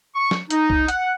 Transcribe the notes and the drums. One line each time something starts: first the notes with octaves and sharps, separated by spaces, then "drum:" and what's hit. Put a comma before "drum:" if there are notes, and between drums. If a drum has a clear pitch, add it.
C#6
drum: snare F3
D#4, drum: hi-hat
drum: kick B1
F#5, drum: hi-hat